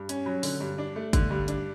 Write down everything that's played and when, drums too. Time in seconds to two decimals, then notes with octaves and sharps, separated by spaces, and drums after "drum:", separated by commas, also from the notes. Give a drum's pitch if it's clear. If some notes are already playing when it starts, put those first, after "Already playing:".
Already playing: G2
0.09 C#4, drum: hi-hat
0.26 F#3
0.43 D3, drum: open hi-hat
0.61 G2
0.78 D4
0.96 A3
1.13 D3, drum: kick, hi-hat
1.30 G2
1.48 D4, drum: hi-hat